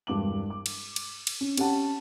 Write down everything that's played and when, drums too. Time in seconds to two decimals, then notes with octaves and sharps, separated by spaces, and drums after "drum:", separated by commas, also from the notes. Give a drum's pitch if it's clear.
0.07 E1 G2 D6 F#7
0.50 D6
0.66 drum: cymbal
0.96 drum: cymbal
1.27 drum: cymbal
1.41 C#4
1.57 C#4 G4 F#5 A5, drum: cymbal